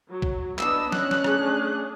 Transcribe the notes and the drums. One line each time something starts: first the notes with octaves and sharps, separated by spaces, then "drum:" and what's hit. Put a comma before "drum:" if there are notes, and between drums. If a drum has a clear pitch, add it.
F#3
drum: kick
B3 D4 D#5 E6, drum: clap
C#4 F#6, drum: snare
drum: snare
A3 D4 G#4, drum: rim click